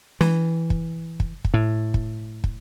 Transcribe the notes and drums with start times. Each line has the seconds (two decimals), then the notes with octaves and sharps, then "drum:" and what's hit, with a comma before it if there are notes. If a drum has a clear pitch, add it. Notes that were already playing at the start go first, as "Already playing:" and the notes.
0.21 E3, drum: snare
0.70 drum: kick
1.20 drum: kick
1.45 drum: kick
1.54 A2
1.94 drum: kick
2.44 drum: kick